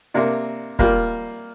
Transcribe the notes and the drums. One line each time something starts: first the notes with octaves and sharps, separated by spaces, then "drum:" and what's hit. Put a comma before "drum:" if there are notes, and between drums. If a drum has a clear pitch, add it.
C3 A#3 D4
G3 A#3 F4, drum: kick